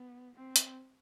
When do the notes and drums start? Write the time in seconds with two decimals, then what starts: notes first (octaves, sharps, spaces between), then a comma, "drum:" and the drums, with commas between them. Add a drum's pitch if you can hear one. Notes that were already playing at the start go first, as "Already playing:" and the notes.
Already playing: B3
0.35 C4
0.56 drum: hi-hat